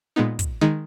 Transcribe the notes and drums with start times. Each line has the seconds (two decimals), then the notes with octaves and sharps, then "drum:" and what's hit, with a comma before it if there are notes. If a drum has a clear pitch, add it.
0.16 A#2 G#3 B3 D#4
0.39 drum: kick, hi-hat
0.61 D#3 G#3 D#4